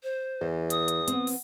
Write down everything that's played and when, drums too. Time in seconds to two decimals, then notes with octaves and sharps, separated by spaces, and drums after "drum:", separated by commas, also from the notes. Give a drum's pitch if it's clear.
0.03 C5
0.41 E2 E3
0.70 D#6, drum: hi-hat
0.88 drum: hi-hat
1.08 B3 C4, drum: hi-hat
1.27 drum: open hi-hat